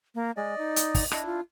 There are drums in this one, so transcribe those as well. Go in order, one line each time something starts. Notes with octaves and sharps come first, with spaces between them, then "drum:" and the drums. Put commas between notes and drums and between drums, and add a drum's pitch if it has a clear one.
A#3
G#3 D5 D#5
D#4
drum: hi-hat
drum: kick, open hi-hat
D4 E4 D#5, drum: rim click
F4